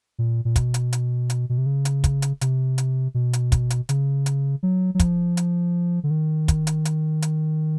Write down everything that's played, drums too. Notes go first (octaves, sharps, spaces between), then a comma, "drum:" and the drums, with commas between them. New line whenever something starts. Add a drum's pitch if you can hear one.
A#2
A#2
B2, drum: kick, hi-hat
drum: hi-hat
drum: hi-hat
drum: hi-hat
B2
C3
C#3
drum: hi-hat
drum: kick, hi-hat
drum: hi-hat
C3, drum: hi-hat
drum: hi-hat
B2
drum: hi-hat
drum: kick, hi-hat
drum: hi-hat
C#3, drum: hi-hat
drum: hi-hat
F#3
F#3
F3, drum: kick, hi-hat
drum: hi-hat
D3
D#3
drum: kick, hi-hat
drum: hi-hat
drum: hi-hat
drum: hi-hat